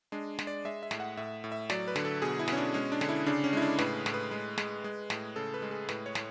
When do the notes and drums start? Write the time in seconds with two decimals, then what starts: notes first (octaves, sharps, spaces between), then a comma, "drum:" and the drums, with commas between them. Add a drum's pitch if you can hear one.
0.12 G#3 D4
0.39 G#3, drum: snare
0.47 D5
0.65 G#3 E5
0.83 E5
0.91 A2, drum: snare
1.00 F#5
1.17 A2 E5
1.44 A2
1.52 E5
1.70 F#3 D5, drum: snare
1.88 B4
1.96 D3, drum: snare
2.05 A4
2.22 B2 G#4
2.39 E4
2.48 B2 C#4, drum: snare
2.57 D4
2.74 G#3 C#4
2.92 D4
3.01 D3, drum: snare
3.09 E4
3.26 C#3 D4
3.44 C#4
3.53 G#3 E4
3.62 D4
3.79 A2 B4, drum: snare
4.06 A2, drum: snare
4.14 B4
4.31 G#3
4.58 G#3, drum: snare
4.84 G#3
5.10 A2, drum: snare
5.36 C#3 A4
5.54 B4
5.62 G#3
5.71 G#4
5.89 A2 B4, drum: snare
6.06 C#5
6.15 A2, drum: snare